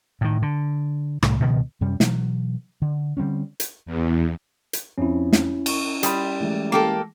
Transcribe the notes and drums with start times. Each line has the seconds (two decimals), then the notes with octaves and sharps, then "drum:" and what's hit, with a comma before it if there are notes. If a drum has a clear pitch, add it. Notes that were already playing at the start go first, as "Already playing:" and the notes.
0.21 A2 D#3
0.42 D3
1.22 C2 A2 G3, drum: rim click
1.40 C#2 B2 D#3 F3
1.81 F#2 C3 G3 C#4
2.00 B2 E3 F#3, drum: snare
2.82 D3
3.17 D3 G3 C4 C#4
3.60 drum: hi-hat
3.86 E2
4.73 drum: hi-hat
4.98 F2 C#4 E4
5.33 drum: snare
5.66 C#6, drum: cymbal
6.03 G3 B5 C6 D#6, drum: hi-hat
6.40 E3 G#3 A3
6.72 A#3 G4 A4